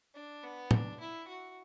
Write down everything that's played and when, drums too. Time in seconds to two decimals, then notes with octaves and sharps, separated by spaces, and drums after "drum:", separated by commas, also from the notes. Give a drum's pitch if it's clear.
0.14 D4
0.43 B3
0.71 D4, drum: tom
1.00 E4
1.27 F#4